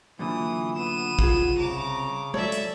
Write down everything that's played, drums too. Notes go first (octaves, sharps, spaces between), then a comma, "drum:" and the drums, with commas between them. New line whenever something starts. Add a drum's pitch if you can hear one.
F#2 A#2 D3 E3 D#6
B3 D#7 E7
F4 G#4, drum: kick
C2 C#3 A#5 D6
A4 C#5 D5 E5, drum: tom G#3
drum: hi-hat